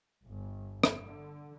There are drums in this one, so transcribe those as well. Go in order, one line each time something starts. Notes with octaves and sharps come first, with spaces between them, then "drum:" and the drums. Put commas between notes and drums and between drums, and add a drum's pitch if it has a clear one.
G1
drum: rim click
D3